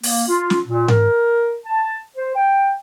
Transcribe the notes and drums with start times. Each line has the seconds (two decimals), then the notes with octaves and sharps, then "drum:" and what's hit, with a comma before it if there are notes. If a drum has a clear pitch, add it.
0.03 A#3, drum: open hi-hat
0.27 F4
0.50 drum: snare
0.67 A#2
0.88 A#4, drum: tom G#2
1.66 A5
2.15 C5
2.35 G5